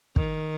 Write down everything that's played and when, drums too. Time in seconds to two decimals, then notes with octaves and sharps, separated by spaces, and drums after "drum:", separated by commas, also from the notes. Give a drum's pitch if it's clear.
0.16 D#3, drum: kick